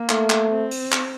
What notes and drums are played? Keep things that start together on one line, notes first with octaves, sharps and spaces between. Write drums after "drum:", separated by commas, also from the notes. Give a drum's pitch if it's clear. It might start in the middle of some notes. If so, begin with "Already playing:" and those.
Already playing: A#3
A3, drum: clap
drum: clap
C4
drum: open hi-hat
drum: clap